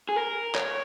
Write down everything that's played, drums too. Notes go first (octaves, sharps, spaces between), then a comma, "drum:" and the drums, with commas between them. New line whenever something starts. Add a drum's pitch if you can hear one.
G#4
A#4
C#5, drum: clap